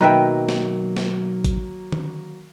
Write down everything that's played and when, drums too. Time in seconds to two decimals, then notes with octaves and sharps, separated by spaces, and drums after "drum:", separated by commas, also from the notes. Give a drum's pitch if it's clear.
0.01 B1 D#3 F#3 A#3 B4 E5 G5 A#5
0.49 drum: snare
0.97 drum: snare
1.44 drum: kick A1, hi-hat
1.92 drum: tom D#3